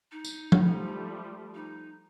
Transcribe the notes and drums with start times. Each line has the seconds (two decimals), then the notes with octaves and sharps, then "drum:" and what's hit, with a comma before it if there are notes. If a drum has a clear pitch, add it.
0.12 D#4
0.25 drum: tambourine
0.52 F3 G3 A3, drum: tom
1.55 D#4